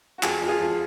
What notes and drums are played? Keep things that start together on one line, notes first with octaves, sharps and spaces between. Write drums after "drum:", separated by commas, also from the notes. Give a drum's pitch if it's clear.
F#4
F2 F4 G#4, drum: clap
F2
F4 G#4
F2